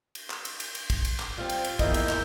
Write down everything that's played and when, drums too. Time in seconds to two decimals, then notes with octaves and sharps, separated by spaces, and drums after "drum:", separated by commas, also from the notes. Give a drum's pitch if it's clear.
0.15 drum: cymbal
0.30 drum: clap
0.45 drum: cymbal
0.60 drum: cymbal
0.75 drum: cymbal
0.90 drum: kick, cymbal
1.05 drum: cymbal
1.20 drum: clap
1.38 G3 C4 F4
1.49 drum: cymbal
1.64 drum: cymbal
1.79 E2 G#2 A#3 E4 D#5 G6, drum: kick, cymbal
1.94 drum: cymbal
2.09 drum: clap